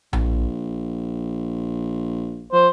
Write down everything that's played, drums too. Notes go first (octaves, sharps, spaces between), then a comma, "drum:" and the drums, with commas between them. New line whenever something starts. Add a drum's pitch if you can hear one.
A#1, drum: tom A#1
F3 C5